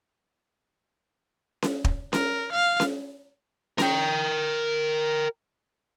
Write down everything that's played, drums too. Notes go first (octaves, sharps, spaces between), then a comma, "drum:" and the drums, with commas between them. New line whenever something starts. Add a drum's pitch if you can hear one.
drum: snare C#4
drum: kick
A#4, drum: snare C#4
F5
drum: snare C#4
A#4 G5, drum: snare C#4